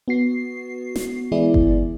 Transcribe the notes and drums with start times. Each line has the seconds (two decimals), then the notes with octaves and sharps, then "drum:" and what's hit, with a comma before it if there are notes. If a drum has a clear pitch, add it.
0.08 B3 F#4 C7
0.96 drum: snare
1.32 E3 G#3 B3 E4 G#4 D5
1.54 drum: kick G1